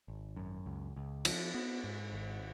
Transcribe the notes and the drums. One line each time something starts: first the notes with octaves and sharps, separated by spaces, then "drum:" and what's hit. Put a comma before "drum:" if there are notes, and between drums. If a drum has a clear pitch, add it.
G#1
F#2
C#2
C#2
F3, drum: cymbal
B3
G#2
G#1